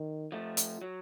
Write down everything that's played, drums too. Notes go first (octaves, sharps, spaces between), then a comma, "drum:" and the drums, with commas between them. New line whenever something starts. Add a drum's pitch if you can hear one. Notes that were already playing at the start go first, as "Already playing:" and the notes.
Already playing: D#3
F3 A3
drum: hi-hat
F#3